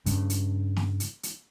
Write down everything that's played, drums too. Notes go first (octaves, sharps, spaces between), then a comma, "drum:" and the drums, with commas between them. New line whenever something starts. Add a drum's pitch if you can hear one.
G2 C#3, drum: hi-hat
drum: hi-hat
drum: snare
drum: hi-hat
drum: hi-hat